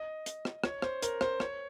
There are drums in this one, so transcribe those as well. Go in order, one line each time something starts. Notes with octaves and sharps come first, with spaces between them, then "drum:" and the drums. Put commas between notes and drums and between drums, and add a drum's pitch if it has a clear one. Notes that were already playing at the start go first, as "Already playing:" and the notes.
Already playing: D#5
drum: hi-hat
drum: rim click
C#5, drum: rim click
C5, drum: rim click
A#4, drum: hi-hat
C5, drum: rim click
C#5, drum: rim click